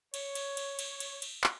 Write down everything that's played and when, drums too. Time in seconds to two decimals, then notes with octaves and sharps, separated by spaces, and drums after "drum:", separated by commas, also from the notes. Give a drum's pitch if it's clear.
0.14 C#5, drum: cymbal
0.35 drum: cymbal
0.57 drum: cymbal
0.79 drum: cymbal
1.00 drum: cymbal
1.22 drum: cymbal
1.44 drum: clap